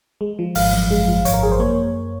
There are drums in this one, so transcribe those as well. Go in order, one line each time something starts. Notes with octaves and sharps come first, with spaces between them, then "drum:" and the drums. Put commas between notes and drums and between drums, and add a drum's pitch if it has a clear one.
G#3
F3
G#1 F5, drum: open hi-hat
F#2
G#3
F3
G#1 C#5, drum: hi-hat
A#4
F#2 G#4
C5
A#3 C#5